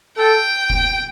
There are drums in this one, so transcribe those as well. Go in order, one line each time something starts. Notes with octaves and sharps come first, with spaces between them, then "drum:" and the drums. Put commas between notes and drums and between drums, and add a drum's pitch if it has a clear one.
A4 G5
drum: kick F1